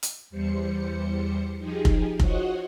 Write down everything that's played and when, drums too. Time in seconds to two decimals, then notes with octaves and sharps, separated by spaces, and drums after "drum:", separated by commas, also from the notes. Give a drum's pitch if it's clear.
0.03 drum: hi-hat
0.30 E2 G3 C5 C#7
1.58 F3 D#4 G4 G#4
1.85 drum: kick F1
2.20 F4 F#4 C5 C#5 D#5 F#5, drum: kick F1